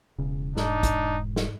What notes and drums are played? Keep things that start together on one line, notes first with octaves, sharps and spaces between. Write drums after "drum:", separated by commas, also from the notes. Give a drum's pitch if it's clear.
E1 C#3
G#2 D4 D#4, drum: snare
drum: kick, hi-hat
drum: snare